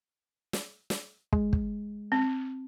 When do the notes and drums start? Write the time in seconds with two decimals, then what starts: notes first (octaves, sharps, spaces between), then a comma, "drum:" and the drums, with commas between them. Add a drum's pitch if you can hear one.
0.53 drum: snare
0.90 drum: snare
1.33 G#3, drum: kick
1.53 drum: kick
2.12 C4